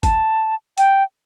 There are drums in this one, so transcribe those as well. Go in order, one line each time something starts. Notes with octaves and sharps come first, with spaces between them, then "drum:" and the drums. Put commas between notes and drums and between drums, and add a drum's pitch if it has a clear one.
A5, drum: kick G1, hi-hat
G5, drum: hi-hat